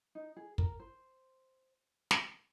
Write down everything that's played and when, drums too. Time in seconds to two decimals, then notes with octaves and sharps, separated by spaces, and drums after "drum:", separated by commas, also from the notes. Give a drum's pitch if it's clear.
0.15 D#4
0.37 G#4
0.58 A#4, drum: kick
0.80 C5
2.11 drum: snare